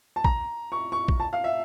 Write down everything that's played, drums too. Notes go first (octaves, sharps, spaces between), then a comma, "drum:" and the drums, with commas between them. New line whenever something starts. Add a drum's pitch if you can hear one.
A5
A#5, drum: kick
C#6
C#6
drum: kick
A5
F5
E5